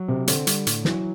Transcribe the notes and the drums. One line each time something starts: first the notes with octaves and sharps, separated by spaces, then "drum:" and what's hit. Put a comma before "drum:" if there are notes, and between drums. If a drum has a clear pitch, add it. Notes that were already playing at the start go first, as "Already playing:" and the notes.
Already playing: F#3
C3 C4
D3 C4, drum: hi-hat
G3, drum: hi-hat
A2, drum: hi-hat
E3 F#3, drum: snare